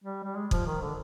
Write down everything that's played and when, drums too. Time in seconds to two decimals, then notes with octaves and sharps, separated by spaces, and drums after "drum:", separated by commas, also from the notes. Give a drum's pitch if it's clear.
0.04 G3
0.24 G3
0.35 G#3
0.51 F3, drum: kick
0.66 D#3
0.82 D3